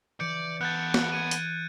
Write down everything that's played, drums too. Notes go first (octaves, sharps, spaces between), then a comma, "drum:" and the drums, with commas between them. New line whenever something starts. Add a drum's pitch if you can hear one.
E3 D5 G6 C#7 D7
B3 A4 F#6 G6 A6
drum: snare
G#6 D#7
drum: hi-hat